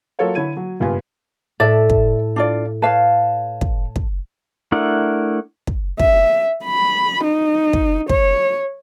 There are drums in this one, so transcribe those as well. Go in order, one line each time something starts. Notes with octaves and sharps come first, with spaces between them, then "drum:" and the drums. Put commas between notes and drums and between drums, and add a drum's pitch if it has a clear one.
F#3 F4 A4 A#4 C#5 F5
D3 E4 C#5 G#6 D#7
F#3
F#1 G2 B3 F4 G#5
A2 A4 D5 E5
drum: kick
D4 F4 D5
B4 C#5 F5 A5
drum: kick
drum: kick
A3 D4 E4 A#4 F#5
drum: kick
E5, drum: kick
B5
D#4
drum: kick
C#5, drum: kick